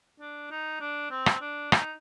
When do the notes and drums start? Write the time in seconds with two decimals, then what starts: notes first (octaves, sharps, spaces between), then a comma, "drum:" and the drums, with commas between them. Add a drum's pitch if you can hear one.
0.20 D4
0.51 D#4
0.81 D4
1.11 C4
1.26 drum: rim click
1.41 D4
1.72 D#4, drum: rim click